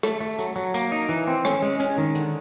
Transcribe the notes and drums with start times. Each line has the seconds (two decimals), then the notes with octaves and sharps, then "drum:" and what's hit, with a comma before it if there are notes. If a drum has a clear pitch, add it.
0.03 A3, drum: rim click
0.20 A3
0.39 F#3, drum: hi-hat
0.56 F#3
0.74 A#3, drum: hi-hat
0.92 D#4
1.09 E3, drum: hi-hat
1.27 C4
1.45 C#4, drum: rim click
1.62 G#3
1.80 C#4, drum: hi-hat
1.98 D#3
2.15 D3, drum: hi-hat